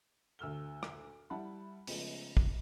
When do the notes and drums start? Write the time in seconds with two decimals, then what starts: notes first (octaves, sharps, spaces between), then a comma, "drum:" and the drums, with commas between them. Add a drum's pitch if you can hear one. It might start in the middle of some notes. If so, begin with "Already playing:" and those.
0.39 D2 E6 F6 G7
0.83 drum: rim click
1.30 G3 E4 F#5 A5 B5
1.87 C#3 F3 G#3 A3 B3, drum: open hi-hat
2.37 drum: kick